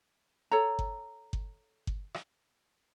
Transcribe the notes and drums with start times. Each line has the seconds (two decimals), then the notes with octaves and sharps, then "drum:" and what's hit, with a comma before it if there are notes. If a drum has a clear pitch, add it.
0.51 A4 C#5 A#5
0.79 drum: kick G1
1.33 drum: kick G1
1.87 drum: kick G1
2.14 drum: rim click